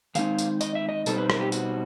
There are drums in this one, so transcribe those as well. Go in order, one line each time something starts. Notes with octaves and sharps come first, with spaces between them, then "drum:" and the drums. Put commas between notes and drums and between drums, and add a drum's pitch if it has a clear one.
D#3 G#3 C4 D#4 F5, drum: tambourine
drum: tambourine
D#5, drum: tambourine
E5
D#5
B2 G3 C4 D#4 A4, drum: tambourine
B4
A#4, drum: rim click
G4
F#4, drum: tambourine